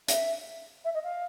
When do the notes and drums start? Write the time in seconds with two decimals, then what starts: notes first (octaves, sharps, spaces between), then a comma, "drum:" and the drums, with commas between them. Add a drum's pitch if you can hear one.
0.08 E5, drum: hi-hat
0.84 E5
0.94 D#5
1.04 F5